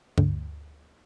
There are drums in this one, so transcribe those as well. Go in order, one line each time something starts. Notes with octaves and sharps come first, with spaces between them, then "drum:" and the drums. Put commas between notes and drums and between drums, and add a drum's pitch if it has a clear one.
D2, drum: tom G2